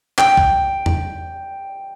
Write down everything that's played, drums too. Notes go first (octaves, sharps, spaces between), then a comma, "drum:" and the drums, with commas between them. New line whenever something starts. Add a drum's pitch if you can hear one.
G5, drum: clap
drum: kick B1
drum: tom E2